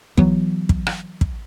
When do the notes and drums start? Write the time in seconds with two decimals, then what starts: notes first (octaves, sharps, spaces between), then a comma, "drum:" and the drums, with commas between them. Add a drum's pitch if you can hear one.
0.17 E3 F#3 B3, drum: kick
0.69 drum: kick
0.87 drum: rim click
1.21 drum: kick